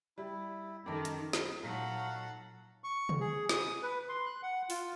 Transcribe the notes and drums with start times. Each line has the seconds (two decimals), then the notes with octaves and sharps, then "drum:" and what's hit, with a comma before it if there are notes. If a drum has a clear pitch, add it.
0.18 G3 E4
0.86 F#2 D#3 G4 A4 G5
1.05 drum: hi-hat
1.33 drum: snare
1.63 A#2 F#3 D#4 A4 F5 F#5 A#5
2.84 C#6
3.09 drum: tom C3
3.20 G#4
3.49 D#6, drum: snare
3.83 B4
4.09 C6
4.26 F#6
4.43 F#5
4.70 F4, drum: open hi-hat